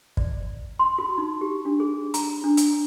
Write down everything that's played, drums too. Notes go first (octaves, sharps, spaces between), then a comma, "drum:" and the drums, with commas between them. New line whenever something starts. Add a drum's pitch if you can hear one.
D5, drum: kick
C6
F#4
D#4
G4
D4
G#4
A#5, drum: hi-hat
D4
drum: hi-hat